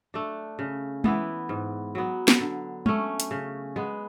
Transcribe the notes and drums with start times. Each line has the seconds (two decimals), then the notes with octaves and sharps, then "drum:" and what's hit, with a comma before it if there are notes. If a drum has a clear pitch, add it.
0.14 A3 D4
0.59 C#3
1.04 E3 B3 E4, drum: tom G#3
1.49 G#2
1.95 F#3 B3
2.28 drum: snare
2.40 D3
2.86 A3 C#4, drum: tom G#3
3.20 drum: hi-hat
3.31 C#3
3.76 G#3 B3